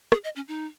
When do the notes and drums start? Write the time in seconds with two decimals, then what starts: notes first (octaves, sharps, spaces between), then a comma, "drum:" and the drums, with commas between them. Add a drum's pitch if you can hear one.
0.12 G#4, drum: rim click
0.24 D#5
0.36 C#4
0.48 D#4